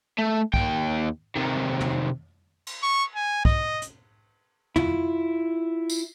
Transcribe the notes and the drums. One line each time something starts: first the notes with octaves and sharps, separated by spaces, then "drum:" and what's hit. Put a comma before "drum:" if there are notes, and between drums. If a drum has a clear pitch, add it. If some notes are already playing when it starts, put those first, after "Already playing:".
A3
D#2 G5, drum: kick B1
C3 D#3
drum: tom
drum: cymbal
C#6
G#5
D#5, drum: kick B1
drum: hi-hat
E4 F4, drum: tom
drum: tambourine